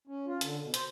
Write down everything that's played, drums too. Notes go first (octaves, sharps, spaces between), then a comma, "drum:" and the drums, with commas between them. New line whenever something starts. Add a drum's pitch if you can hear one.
C#4
F4
D3, drum: hi-hat
B2
C5, drum: hi-hat